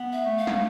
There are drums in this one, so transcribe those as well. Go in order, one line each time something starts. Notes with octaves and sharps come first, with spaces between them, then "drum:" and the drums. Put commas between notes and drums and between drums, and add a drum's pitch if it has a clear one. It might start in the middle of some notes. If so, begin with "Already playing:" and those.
Already playing: B3
E5
A3
F5
drum: snare